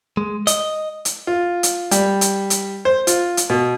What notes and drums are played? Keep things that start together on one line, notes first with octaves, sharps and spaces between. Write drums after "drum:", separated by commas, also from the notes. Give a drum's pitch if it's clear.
G#3
D#5, drum: hi-hat
drum: hi-hat
F4
drum: hi-hat
G3, drum: hi-hat
drum: hi-hat
drum: hi-hat
C5
F4, drum: hi-hat
drum: hi-hat
B2